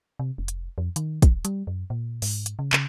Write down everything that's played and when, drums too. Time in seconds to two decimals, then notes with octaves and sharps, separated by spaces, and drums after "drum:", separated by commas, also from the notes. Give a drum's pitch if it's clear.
0.19 C3
0.38 F1
0.48 drum: hi-hat
0.78 F2
0.96 D#3, drum: hi-hat
1.22 D#1, drum: kick, hi-hat
1.45 G3, drum: hi-hat
1.67 F#2
1.90 A#2
2.22 G#2, drum: open hi-hat
2.46 drum: hi-hat
2.59 C#3
2.73 C#3, drum: clap